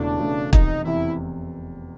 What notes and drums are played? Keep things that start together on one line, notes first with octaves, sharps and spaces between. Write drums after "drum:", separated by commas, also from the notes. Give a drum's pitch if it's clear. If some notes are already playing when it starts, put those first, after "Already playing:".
Already playing: E1 E2 C#3 E3 A3 D4
E1 E2 C#3 E3 A3
F1 E2 C3 D#4, drum: kick
F1 E2 C3 E4